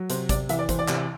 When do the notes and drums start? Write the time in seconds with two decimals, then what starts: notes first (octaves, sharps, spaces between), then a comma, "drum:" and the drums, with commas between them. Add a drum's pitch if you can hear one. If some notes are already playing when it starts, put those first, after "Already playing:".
Already playing: F#3
0.10 C3 C5, drum: hi-hat
0.29 C3 D5, drum: kick, hi-hat
0.49 E3 E5, drum: hi-hat
0.59 D5
0.69 E3 C5, drum: kick, hi-hat
0.79 D5
0.88 C3, drum: clap